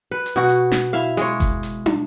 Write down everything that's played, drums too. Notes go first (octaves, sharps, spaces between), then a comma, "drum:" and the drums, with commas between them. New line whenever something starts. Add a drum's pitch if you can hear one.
B4
drum: hi-hat
B2 F#4
drum: hi-hat
drum: snare
E4 E5 F5
G#3 C#5, drum: hi-hat
drum: kick F#1, hi-hat
drum: hi-hat
drum: tom